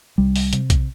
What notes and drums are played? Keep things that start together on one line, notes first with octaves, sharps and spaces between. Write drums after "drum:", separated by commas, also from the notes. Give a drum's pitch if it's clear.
C2 G3
drum: open hi-hat
C3, drum: hi-hat
drum: kick B1, hi-hat